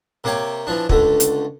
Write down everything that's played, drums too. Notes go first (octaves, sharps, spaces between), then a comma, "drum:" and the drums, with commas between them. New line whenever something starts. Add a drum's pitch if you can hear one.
C3 A#3 G4 C#5 G5
E3 F3 D4
C#2 D3 A3, drum: kick
drum: hi-hat